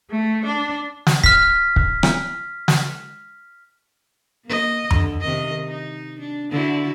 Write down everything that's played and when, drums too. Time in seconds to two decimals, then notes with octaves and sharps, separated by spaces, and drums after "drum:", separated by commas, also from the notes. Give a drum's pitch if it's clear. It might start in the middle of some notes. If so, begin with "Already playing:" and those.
0.11 A3
0.45 D4
1.07 drum: snare
1.24 F6 B6, drum: kick
1.76 drum: kick
2.03 drum: rim click
2.68 drum: snare
4.46 A#3 D#5
4.91 D3, drum: tom F2
5.22 C3 D#3 D#5
5.68 D#4
6.20 D4
6.51 D3 E4 F#4